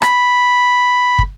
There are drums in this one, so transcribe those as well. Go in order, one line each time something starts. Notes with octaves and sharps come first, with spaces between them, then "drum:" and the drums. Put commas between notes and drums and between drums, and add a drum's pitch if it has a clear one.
B5, drum: rim click
drum: kick